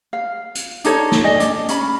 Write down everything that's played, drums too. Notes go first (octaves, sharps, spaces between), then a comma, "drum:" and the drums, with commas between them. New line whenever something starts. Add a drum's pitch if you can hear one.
F5
drum: hi-hat
D4 D#4 A4 C#5, drum: hi-hat
drum: snare
D5 D#5 G#5
D4, drum: hi-hat
C#4 B5, drum: hi-hat